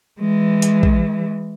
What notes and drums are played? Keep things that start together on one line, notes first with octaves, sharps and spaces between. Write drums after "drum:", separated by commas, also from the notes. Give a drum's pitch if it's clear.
E3 G#3
drum: hi-hat
drum: kick A#1